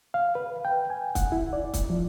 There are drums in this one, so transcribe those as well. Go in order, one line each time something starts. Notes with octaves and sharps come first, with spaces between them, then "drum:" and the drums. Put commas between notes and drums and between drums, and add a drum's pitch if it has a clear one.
F5
B4
G5
G#5
F#5, drum: kick, hi-hat
E4
D5
drum: kick, hi-hat
F3